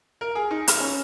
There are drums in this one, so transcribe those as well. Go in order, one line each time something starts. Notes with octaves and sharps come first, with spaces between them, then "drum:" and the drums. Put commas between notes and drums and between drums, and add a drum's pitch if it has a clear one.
A#4
G#4
D#4
F6, drum: hi-hat
C#4